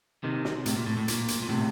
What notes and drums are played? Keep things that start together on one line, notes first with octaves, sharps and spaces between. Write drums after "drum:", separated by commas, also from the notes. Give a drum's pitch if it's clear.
C3 D#3
drum: snare
A2 C3, drum: hi-hat
A#2
A2
A2
A#2, drum: hi-hat
drum: hi-hat
A#2
A2 C3